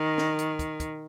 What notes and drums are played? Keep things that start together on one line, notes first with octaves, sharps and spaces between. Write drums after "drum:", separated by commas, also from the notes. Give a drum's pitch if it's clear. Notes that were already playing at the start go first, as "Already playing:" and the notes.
Already playing: D#3
drum: snare
drum: hi-hat
drum: kick, hi-hat
drum: kick, hi-hat